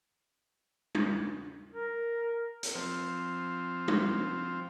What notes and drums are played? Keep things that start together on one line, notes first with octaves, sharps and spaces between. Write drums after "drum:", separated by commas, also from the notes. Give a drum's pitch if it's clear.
drum: tom G3
A#4
drum: hi-hat
F3 C4
drum: tom G3